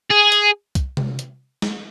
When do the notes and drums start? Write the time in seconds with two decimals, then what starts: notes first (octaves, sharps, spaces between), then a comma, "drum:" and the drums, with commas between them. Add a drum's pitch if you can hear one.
0.10 G#4
0.32 drum: hi-hat
0.75 drum: kick C2, hi-hat
0.97 drum: tom C3
1.19 drum: hi-hat
1.62 drum: snare